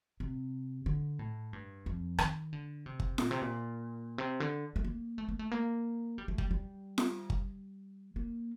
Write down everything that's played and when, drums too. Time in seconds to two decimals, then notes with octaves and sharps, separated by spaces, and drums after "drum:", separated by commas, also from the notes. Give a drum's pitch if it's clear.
0.20 C3
0.86 D3
1.19 A2
1.53 G2
1.86 F2
2.18 D#3, drum: rim click
2.53 D3
2.86 C3
3.00 drum: kick G1
3.18 A#2, drum: snare F4
3.31 C3
3.42 A#2
4.18 C3
4.40 D3
4.76 A3
4.85 A#3
5.18 A3
5.29 A#3
5.39 A3
5.52 A#3
6.18 G3
6.28 A3
6.38 G3, drum: kick G1
6.51 G3
6.98 drum: snare F4
7.30 drum: kick G1
8.16 A#3